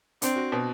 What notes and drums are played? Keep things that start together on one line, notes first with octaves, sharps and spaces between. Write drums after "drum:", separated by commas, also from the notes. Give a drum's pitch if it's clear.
C4 D4, drum: hi-hat
F#4
B2